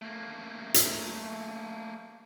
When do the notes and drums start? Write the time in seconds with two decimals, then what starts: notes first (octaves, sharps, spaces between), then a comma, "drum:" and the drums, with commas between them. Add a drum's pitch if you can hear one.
0.02 A3 A#3
0.74 drum: hi-hat